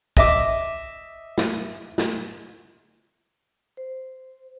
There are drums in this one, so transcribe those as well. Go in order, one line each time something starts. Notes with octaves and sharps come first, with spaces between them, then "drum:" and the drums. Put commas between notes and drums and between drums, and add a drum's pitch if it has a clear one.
D#5 E5 D6, drum: kick
drum: snare
drum: snare
C5